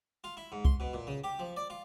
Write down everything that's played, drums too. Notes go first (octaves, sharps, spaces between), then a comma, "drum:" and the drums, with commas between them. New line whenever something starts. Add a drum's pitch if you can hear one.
F4
E4
G#2
C6, drum: kick C2
B2
A#2
C#3
G4
F3
D5
F4